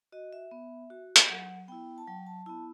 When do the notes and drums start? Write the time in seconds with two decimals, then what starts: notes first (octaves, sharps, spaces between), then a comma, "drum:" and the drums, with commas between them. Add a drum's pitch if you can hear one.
0.12 F#4 D#5
0.33 E5
0.51 B3
0.90 F#4
1.16 drum: hi-hat
1.29 F#3 F#5
1.68 B3 E4 G5
1.98 A5
2.07 F#3 G5
2.26 A5
2.46 B3 E4 A5